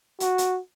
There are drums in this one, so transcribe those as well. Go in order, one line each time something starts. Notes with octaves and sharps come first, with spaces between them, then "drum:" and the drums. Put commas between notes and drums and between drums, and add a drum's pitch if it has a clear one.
F#4, drum: hi-hat
drum: hi-hat